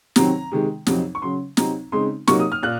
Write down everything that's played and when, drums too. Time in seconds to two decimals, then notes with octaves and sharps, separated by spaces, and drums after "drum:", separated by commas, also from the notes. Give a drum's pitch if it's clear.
0.16 C3 D#3 F#3 C4 A#5, drum: snare
0.51 C3 D#3 G#3
0.87 F2 C3 F#3 C4 D#4, drum: snare
1.15 C#6
1.22 C#3 F#3 C#4 C6
1.57 C3 F#3 C4 D#4 A#5, drum: snare
1.92 C#3 G#3 C4 D#4 C6
2.28 C3 F#3 A#3 D#4 C#6, drum: snare
2.40 D#6
2.52 F6
2.63 A#2 F#6